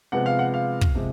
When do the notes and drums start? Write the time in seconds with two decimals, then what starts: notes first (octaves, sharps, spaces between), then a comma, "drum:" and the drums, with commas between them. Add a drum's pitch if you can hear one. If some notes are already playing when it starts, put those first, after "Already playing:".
0.12 C3 F3 G#3 B3 F#5
0.26 F5
0.39 F#5
0.54 F5
0.81 drum: kick
0.95 C3 F3 G#3